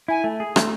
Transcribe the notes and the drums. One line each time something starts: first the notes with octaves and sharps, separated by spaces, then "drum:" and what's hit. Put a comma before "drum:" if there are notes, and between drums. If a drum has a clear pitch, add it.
E4 G#5
A3
G#4
A3, drum: rim click